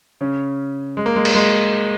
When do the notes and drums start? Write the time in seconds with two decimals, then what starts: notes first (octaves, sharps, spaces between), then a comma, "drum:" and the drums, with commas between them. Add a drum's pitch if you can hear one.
0.21 C#3 C#4
0.97 G#3
1.06 A#3
1.16 G#3
1.25 A#3, drum: cymbal
1.35 G#3